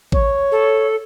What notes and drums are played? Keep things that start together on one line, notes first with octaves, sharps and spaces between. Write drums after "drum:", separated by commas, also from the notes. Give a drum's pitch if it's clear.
C#5, drum: kick A1
A4